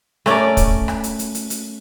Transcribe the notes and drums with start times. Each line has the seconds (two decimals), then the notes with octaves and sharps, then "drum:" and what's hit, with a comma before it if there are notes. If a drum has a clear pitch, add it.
0.26 A3 C#4 A#4 D5, drum: rim click
0.57 drum: kick, hi-hat
0.88 drum: rim click
1.04 drum: hi-hat
1.19 drum: hi-hat
1.35 drum: hi-hat
1.50 drum: hi-hat